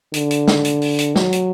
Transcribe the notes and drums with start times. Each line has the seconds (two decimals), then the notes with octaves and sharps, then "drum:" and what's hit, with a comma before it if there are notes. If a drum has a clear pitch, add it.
0.14 D3, drum: hi-hat
0.31 drum: hi-hat
0.48 drum: snare
0.65 drum: hi-hat
0.82 drum: open hi-hat
0.98 drum: hi-hat
1.16 F#3, drum: snare
1.32 drum: hi-hat